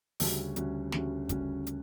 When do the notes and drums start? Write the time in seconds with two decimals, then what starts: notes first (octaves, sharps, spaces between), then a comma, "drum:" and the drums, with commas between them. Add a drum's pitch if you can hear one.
0.20 D2 C#3 G3 C#4 F#4, drum: open hi-hat
0.56 D2 C#3 G3 C#4 F#4, drum: hi-hat
0.92 D2 C#3 G3 C#4 F#4, drum: snare
1.29 D2 C#3 G3 C#4 F#4, drum: kick, hi-hat
1.67 drum: hi-hat